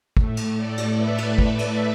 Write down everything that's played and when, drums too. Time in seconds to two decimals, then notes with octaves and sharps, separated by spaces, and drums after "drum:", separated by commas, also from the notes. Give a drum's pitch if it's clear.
0.17 A2 A3, drum: kick
0.37 drum: cymbal
0.57 A4 D5
0.78 drum: cymbal
0.97 B4 E5
1.18 drum: cymbal
1.38 drum: kick
1.59 drum: cymbal